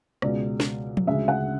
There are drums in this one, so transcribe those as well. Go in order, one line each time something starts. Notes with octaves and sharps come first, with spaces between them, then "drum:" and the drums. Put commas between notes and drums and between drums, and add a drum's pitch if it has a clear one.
C#2 B2 G#3 D5, drum: rim click
drum: snare
drum: tom F3
D2 C#3 G#3 E5
F#5